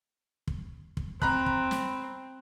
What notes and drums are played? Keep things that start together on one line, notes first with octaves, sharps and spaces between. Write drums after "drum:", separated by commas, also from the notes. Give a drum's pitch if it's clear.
drum: kick
drum: kick
C4 A#5 B5 F#6, drum: kick
drum: kick
drum: snare